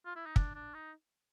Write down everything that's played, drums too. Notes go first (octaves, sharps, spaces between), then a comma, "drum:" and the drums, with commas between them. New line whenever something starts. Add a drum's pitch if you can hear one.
F4
E4
D#4
D4, drum: kick
D4
D#4